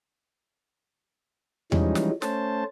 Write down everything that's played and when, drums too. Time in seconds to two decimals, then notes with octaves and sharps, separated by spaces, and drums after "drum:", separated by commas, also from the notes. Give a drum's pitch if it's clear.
1.72 E3 F3 G3 G#3 C#4 D#4, drum: tom E2
1.95 drum: snare
2.22 A3 C#4 C5 A5, drum: snare